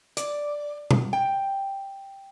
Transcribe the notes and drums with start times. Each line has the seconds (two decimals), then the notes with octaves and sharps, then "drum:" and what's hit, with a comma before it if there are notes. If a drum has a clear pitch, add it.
0.17 D5, drum: hi-hat
0.91 drum: tom B2
1.13 G5